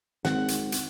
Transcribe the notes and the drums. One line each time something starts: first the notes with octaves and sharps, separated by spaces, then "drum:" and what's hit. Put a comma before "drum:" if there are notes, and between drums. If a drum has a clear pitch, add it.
G#1 C4 G#4 F#5, drum: snare
drum: hi-hat
drum: hi-hat